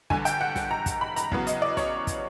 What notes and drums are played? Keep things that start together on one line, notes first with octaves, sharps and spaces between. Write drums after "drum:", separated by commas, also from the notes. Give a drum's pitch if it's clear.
G1 G2 D3 G#5, drum: kick
G5, drum: hi-hat
F#5
drum: snare
A#5
drum: kick, hi-hat
B5
A#5, drum: hi-hat
E2 C#3 F#3 B3, drum: kick
D#5, drum: hi-hat
D5
C#5, drum: snare
drum: kick, hi-hat